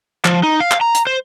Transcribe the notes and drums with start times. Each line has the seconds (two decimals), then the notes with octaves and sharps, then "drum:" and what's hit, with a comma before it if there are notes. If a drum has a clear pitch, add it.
0.25 F3, drum: clap
0.43 D#4
0.60 F5
0.71 drum: clap
0.81 A#5
0.95 drum: hi-hat
1.07 C5